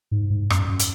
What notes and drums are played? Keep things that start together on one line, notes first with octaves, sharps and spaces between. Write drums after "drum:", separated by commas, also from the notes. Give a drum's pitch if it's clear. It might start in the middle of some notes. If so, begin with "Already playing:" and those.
G#2
G#2
F#2, drum: rim click
F#2
drum: hi-hat